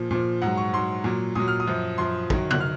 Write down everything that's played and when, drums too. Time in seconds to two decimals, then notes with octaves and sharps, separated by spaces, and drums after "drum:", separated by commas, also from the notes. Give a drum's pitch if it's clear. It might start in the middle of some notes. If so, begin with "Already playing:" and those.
Already playing: A#2 F3
0.11 A#2 F3
0.42 G#2 F#3 F#5
0.57 C#6
0.73 G#2 F#3 C6
1.04 A#2 F#3
1.35 A#2 F#3 D#6
1.48 F6
1.60 D#6
1.67 F#2 F3
1.98 F#2 F3 C6
2.30 F#2 D#3 F#3, drum: kick
2.51 F#6, drum: tom C3
2.61 F6